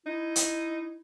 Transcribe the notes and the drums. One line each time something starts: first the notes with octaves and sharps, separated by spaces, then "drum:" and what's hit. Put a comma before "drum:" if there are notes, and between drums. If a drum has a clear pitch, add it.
D#4 E4
drum: hi-hat